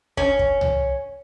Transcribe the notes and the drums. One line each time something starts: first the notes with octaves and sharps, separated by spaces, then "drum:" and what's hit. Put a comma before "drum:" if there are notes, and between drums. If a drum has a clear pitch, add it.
C#4, drum: kick
drum: kick
drum: tom C2